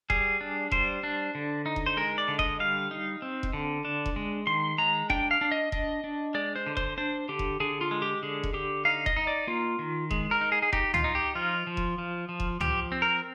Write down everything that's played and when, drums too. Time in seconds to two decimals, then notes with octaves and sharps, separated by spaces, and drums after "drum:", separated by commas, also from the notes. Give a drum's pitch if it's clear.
0.10 G3 G#4, drum: kick E1
0.41 D4
0.72 G3 C5, drum: kick E1
1.03 D4
1.35 D3
1.66 D#4
1.76 drum: kick E1
1.86 C5
1.97 G#3 A#4
2.18 D5
2.28 D3
2.39 D#5, drum: kick E1
2.59 G3 F5
2.91 D#4
3.22 C4
3.43 drum: kick E1
3.53 D3
3.85 D4
4.06 drum: kick E1
4.16 G#3
4.47 D#3 C6
4.78 G#3 A#5
5.10 D4 G5, drum: kick E1
5.31 F5
5.41 D4
5.52 D#5
5.72 D4 D#5, drum: kick E1
6.04 D4
6.34 G#3 D5
6.56 C5
6.66 D3
6.77 C5, drum: kick E1
6.98 D4 C5
7.29 D3 G4
7.39 drum: kick E1
7.60 D3 G#4
7.81 F4
7.91 G#3
8.02 G4
8.23 D3 G#4
8.43 drum: kick E1
8.53 D3 G4
8.85 D#4 F5
9.06 D#5, drum: kick E1
9.17 D#4
9.27 D5
9.47 A#3 F4
9.79 D#3
10.11 G#3, drum: kick E1
10.31 A#4
10.41 D#4
10.52 G#4
10.62 G#4
10.73 D#4 G4, drum: kick E1
10.94 F4, drum: tom
11.04 D#4
11.15 G4
11.35 F3 F4
11.67 F3
11.77 drum: kick E1
11.98 F3
12.29 F3
12.40 drum: kick E1
12.61 F3 G4, drum: tom
12.92 C4
13.02 A#4